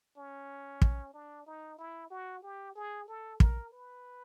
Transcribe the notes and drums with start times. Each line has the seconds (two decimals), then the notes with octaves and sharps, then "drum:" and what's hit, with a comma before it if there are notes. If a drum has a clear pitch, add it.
0.17 C#4
0.82 drum: kick
1.14 D4
1.46 D#4
1.78 E4
2.10 F#4
2.43 G4
2.75 G#4
3.08 A4
3.40 A#4, drum: kick
3.72 B4